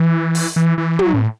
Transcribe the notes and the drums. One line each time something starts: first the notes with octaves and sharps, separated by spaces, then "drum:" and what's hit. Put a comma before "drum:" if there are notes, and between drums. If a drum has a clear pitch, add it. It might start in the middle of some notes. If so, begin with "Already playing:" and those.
Already playing: E3
drum: open hi-hat
E3
E3
F#3, drum: tom
A2